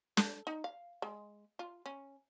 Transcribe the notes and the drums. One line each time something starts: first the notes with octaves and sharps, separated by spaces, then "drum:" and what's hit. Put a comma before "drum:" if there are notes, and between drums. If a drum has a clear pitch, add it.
A4, drum: snare
D#4
F5
G#3
F4
C#4